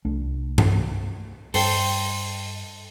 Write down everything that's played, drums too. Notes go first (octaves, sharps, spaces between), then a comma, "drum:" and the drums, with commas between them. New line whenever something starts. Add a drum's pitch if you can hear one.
C2 A3 D4
drum: tom G2
G2 A4 C5 G5, drum: open hi-hat